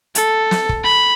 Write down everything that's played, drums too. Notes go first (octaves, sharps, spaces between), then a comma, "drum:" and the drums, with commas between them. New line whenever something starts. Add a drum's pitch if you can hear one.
A4, drum: hi-hat
drum: snare
drum: kick
B5